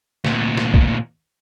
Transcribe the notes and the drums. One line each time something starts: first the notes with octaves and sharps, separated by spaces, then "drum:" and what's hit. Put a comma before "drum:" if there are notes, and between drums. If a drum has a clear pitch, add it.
D2 A#2, drum: snare
drum: snare
drum: kick